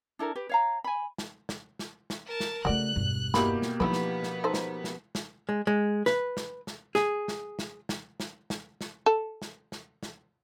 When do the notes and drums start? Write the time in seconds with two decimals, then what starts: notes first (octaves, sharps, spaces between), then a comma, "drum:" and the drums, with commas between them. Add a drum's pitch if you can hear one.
0.19 D4 E4 A4 A#4
0.36 G4 B4
0.49 C#5 F5 A#5
0.84 G#5 B5
1.18 drum: snare
1.49 drum: snare
1.79 drum: snare
2.10 drum: snare
2.26 A#4 A5
2.40 drum: snare
2.65 C#3 A3 F#4 D5 F#6
2.96 E1 G2
3.34 B2 G3 A#3 E4 G4 B5, drum: snare
3.62 drum: snare
3.80 F3 B3 C#4 D#4 E4 B4
3.93 drum: snare
4.23 drum: snare
4.44 D#4 A4 C5
4.54 drum: snare
4.84 drum: snare
5.15 drum: snare
5.49 G#3
5.67 G#3
6.06 B4, drum: snare
6.37 drum: snare
6.67 drum: snare
6.95 G#4, drum: snare
7.28 drum: snare
7.59 drum: snare
7.89 drum: snare
8.20 drum: snare
8.50 drum: snare
8.81 drum: snare
9.06 A4
9.42 drum: snare
9.72 drum: snare
10.03 drum: snare